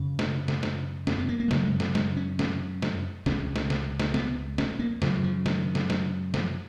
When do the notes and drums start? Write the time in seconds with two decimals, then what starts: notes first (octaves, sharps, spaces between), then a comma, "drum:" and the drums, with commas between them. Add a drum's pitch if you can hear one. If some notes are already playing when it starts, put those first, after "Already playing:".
Already playing: F#2 C#3
0.19 drum: snare
0.48 drum: snare
0.63 drum: snare
1.07 C#4, drum: snare
1.18 B3
1.29 A#3
1.40 A#3
1.48 G#3
1.51 F#2 C#3 F#3, drum: snare
1.64 G#3
1.80 drum: snare
1.95 G#3, drum: snare
2.17 C#4
2.39 C#4, drum: snare
2.82 drum: snare
3.26 C#2 C#3 C#4, drum: snare
3.56 drum: snare
3.70 drum: snare
4.00 drum: snare
4.14 B3, drum: snare
4.58 C#4, drum: snare
4.79 A#3
5.02 F#2 C#3 F3, drum: snare
5.24 F3
5.46 D#3, drum: snare
5.75 drum: snare
5.90 drum: snare
6.34 F3, drum: snare